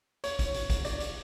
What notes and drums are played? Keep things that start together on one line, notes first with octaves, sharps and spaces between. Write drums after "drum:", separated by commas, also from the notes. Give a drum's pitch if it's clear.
C#5, drum: hi-hat
drum: kick, hi-hat
drum: hi-hat
drum: kick, hi-hat
D5, drum: hi-hat
drum: hi-hat